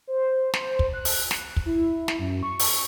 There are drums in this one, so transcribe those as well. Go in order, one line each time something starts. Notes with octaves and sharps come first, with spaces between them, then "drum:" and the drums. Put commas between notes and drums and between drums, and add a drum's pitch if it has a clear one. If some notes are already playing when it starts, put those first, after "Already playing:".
C5
C5, drum: snare
drum: kick
F#6
drum: open hi-hat
drum: snare
drum: kick
E4
drum: snare
F#2
C#6
drum: open hi-hat